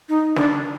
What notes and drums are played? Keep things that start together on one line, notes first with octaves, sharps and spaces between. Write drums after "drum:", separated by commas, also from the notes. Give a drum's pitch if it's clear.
D#4
D4, drum: snare